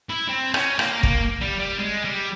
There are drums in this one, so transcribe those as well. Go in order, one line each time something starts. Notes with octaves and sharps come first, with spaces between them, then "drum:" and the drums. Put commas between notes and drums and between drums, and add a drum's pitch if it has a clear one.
E4
C4
C#4, drum: rim click
A#3, drum: rim click
A#3, drum: kick
G3
G3
G#3
G3